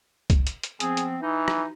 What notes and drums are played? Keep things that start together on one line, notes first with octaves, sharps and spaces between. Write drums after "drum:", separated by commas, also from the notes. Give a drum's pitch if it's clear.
drum: kick C2, hi-hat
drum: hi-hat
drum: hi-hat
F3 B3 C4 G#4, drum: hi-hat
drum: hi-hat
E3 D#4
drum: rim click